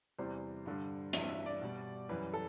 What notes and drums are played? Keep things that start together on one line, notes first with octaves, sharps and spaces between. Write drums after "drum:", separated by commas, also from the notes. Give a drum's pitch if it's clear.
E2 C3 E3 G3 C5
G2 D3 G3
G2 E3 G3 E5, drum: hi-hat
E5
D5
B2 G3
F#2 E3 G3 B4
A4